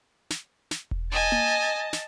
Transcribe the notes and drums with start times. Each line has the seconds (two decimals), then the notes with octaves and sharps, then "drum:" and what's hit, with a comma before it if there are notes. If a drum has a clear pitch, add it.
0.30 drum: snare
0.71 drum: snare
0.91 drum: kick E1
1.12 D#5 G#5 A5
1.32 drum: tom A#3
1.93 drum: snare